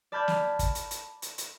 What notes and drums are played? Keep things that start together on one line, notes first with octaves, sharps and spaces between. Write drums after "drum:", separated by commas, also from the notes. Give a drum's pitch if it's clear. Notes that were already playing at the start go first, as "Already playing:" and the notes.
D5 A5 B5 F6 G6 G#6
drum: snare
drum: kick, hi-hat
drum: hi-hat
drum: hi-hat
drum: hi-hat
drum: hi-hat